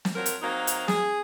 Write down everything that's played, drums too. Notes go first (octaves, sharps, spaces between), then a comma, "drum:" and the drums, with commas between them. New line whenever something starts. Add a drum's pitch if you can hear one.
drum: snare
F3 F#3 C4 A#4
drum: hi-hat
F#3 A#3 C4 D#4
drum: hi-hat
G#4, drum: snare